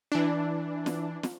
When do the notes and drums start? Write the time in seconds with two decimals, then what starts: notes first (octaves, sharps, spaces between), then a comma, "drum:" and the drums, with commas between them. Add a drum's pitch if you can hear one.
0.12 E3 D4
0.86 drum: snare
1.23 drum: snare